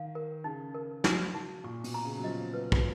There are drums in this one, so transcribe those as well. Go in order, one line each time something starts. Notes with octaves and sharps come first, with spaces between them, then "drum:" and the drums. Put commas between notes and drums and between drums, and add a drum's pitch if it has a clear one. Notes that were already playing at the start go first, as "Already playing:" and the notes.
Already playing: D#3 F5
A#4
C#3 D#4
A#4
F#4, drum: snare
D#4
A#2 C#6
B2, drum: open hi-hat
A#5
C#3
F#3
F3 D#5
B4
drum: kick